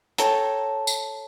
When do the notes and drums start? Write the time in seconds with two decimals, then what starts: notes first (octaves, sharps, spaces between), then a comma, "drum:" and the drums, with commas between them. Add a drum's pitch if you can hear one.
0.18 A4 C#5 G5 A5 A#5, drum: hi-hat
0.87 drum: tambourine